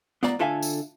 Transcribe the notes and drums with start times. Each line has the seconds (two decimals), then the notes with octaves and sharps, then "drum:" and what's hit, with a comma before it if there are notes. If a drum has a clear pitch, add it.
0.23 B3 F4 D5 A#5, drum: snare
0.39 D3 F4 A4 E5 F5 G#5
0.62 drum: tambourine